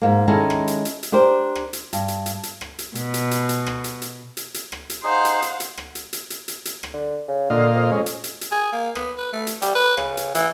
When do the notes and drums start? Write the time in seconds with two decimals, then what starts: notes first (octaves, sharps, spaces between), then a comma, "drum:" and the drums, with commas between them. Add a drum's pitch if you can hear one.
0.01 G#2 A#3
0.28 D#3 G#3 C#4 D#4 E4 A4
0.50 drum: rim click
0.68 drum: hi-hat
0.85 drum: hi-hat
1.03 drum: hi-hat
1.12 D4 G4 A#4 C5
1.55 drum: rim click
1.73 drum: hi-hat
1.93 G2, drum: hi-hat
2.08 drum: hi-hat
2.26 drum: hi-hat
2.43 drum: hi-hat
2.61 drum: rim click
2.79 drum: hi-hat
2.95 B2, drum: hi-hat
3.14 drum: hi-hat
3.31 drum: hi-hat
3.49 drum: hi-hat
3.66 drum: rim click
3.84 drum: hi-hat
4.02 drum: hi-hat
4.37 drum: hi-hat
4.54 drum: hi-hat
4.72 drum: rim click
4.90 drum: hi-hat
5.04 D#4 G#4 C5 F5 F#5
5.25 drum: hi-hat
5.42 drum: hi-hat
5.60 drum: hi-hat
5.77 drum: rim click
5.95 drum: hi-hat
6.13 drum: hi-hat
6.30 drum: hi-hat
6.48 drum: hi-hat
6.65 drum: hi-hat
6.83 drum: rim click
6.94 D3
7.29 C#3
7.50 A#2 D3 D#5 F5
7.75 F2
7.92 G#3 C#4
8.06 drum: hi-hat
8.24 drum: hi-hat
8.41 drum: hi-hat
8.51 G#4
8.73 A#3
8.95 B3, drum: rim click
9.17 B4
9.33 A3
9.47 drum: hi-hat
9.62 G3, drum: hi-hat
9.75 B4
9.97 C#3, drum: rim click
10.17 drum: hi-hat
10.35 E3, drum: hi-hat